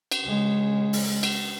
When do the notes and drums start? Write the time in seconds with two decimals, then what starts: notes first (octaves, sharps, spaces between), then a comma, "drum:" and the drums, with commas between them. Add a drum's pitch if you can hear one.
0.12 drum: cymbal
0.24 C#3 G#3
0.93 drum: open hi-hat
1.23 drum: cymbal